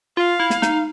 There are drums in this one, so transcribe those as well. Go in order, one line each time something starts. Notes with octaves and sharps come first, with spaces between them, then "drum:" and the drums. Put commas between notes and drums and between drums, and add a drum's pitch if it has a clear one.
F4 F5
E4
drum: snare
D#4, drum: snare